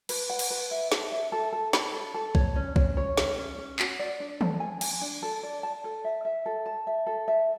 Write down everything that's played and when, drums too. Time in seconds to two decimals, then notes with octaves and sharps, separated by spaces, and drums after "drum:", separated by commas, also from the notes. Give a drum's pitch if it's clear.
0.09 B4, drum: cymbal
0.30 F#5
0.39 drum: cymbal
0.50 B4
0.71 E5
0.92 A4, drum: snare
1.12 E5
1.32 A4
1.53 A4
1.73 B5, drum: snare
1.94 A4
2.14 A4
2.35 C#5, drum: kick B1
2.56 C#4
2.76 C#4, drum: kick B1
2.97 C#5
3.17 C#4, drum: snare
3.38 C#4
3.58 C#4
3.79 F#4, drum: clap
3.99 D5
4.20 D4
4.41 A4, drum: tom
4.60 G#5
4.81 G#5, drum: cymbal
5.01 D4
5.23 A4
5.43 D5
5.63 A5
5.84 A4
6.04 E5
6.25 E5
6.46 A4
6.66 A5
6.87 E5
7.07 A4
7.28 E5